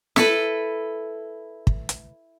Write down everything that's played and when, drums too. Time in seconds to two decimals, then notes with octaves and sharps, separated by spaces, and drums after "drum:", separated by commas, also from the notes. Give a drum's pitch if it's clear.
0.16 E4 A4 B4, drum: snare
1.67 drum: kick
1.89 drum: hi-hat